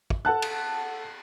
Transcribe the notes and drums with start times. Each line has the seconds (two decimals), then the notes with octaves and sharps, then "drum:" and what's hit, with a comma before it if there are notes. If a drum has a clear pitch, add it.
0.10 drum: kick
0.25 A4 F#5 A5 F#6
0.42 drum: cymbal